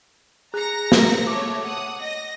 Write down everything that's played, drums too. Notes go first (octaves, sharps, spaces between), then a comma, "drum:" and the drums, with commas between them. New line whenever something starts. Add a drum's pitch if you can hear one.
G#4 A#5 F#6 A#6 C#7
drum: snare
A3 C#5 D6
F#5 D#6
D#5 A#6